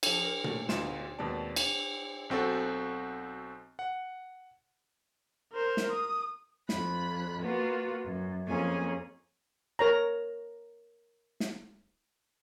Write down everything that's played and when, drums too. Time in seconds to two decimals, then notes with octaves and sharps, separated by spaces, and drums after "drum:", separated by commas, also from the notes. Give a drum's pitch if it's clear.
0.03 F3 A4, drum: cymbal
0.24 A#4
0.44 A3 A#3, drum: tom A#2
0.69 D2 B2 D#4 F4 C6 E7, drum: snare
1.18 D#2 B2 G#3 C4 D5 A5
1.56 drum: cymbal
2.30 B1 C4 F#4 A4
3.79 F#5
5.53 A#4 C5
5.77 drum: snare
5.91 D#6
6.69 F2 B5 F#6, drum: snare
7.42 A#3 B3 F4 F#4
8.05 F#2
8.47 F2 A#3 C#4 G#4 G#5
9.79 A#4 C#5 A#5
11.40 drum: snare